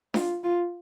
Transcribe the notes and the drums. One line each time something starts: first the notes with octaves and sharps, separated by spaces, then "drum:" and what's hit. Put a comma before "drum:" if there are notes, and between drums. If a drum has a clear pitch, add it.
F4, drum: snare D4
F4